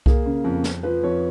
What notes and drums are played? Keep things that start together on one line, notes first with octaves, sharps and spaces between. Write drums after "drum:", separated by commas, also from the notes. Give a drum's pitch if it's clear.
A#3 G#4, drum: kick C2
C#3
F2
F2, drum: snare
F3 B4
F2 C#5